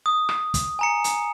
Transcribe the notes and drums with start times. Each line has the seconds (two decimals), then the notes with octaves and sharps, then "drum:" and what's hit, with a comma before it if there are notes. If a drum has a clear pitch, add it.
0.06 D#6
0.29 drum: rim click
0.54 drum: kick, hi-hat
0.79 G#5 A#5 C#7
1.04 drum: hi-hat